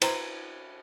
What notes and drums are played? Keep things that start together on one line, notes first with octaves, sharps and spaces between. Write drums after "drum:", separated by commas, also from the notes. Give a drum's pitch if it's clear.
E4 B4 C5 E5 G5 A#5, drum: cymbal